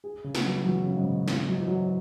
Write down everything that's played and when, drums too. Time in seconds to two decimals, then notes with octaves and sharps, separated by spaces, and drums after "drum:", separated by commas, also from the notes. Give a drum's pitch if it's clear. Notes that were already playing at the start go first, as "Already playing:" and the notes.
0.04 G#4
0.25 C#3
0.35 B3, drum: snare
0.45 F#3
0.65 E3 F#3
0.86 C#3
0.97 G#2
1.06 B2
1.28 C#3 E3, drum: snare
1.48 F#3
1.58 E3
1.68 F#3